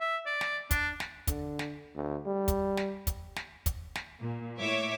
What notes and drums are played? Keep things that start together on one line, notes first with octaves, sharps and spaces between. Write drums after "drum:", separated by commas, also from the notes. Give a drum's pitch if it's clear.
E5
D5
drum: snare
D4, drum: kick, hi-hat
drum: snare
D3, drum: kick, hi-hat
drum: snare
D2
G3
drum: kick, hi-hat
drum: snare
drum: kick, hi-hat
drum: snare
drum: kick, hi-hat
drum: snare
A#2
A2 C#5 E5 D6